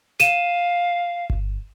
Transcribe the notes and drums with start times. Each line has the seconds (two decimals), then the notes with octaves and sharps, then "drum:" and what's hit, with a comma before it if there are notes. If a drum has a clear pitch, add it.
0.20 F5 D#7 E7, drum: snare
1.30 drum: kick G1